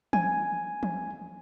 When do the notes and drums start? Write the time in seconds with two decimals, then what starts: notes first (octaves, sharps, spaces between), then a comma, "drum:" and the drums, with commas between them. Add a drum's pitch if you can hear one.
0.13 G#5, drum: tom
0.83 drum: tom